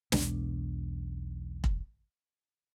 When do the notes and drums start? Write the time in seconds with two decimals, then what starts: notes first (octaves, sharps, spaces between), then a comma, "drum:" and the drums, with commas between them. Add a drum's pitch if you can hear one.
0.12 B1 E2 G#3 D4, drum: snare
1.64 drum: kick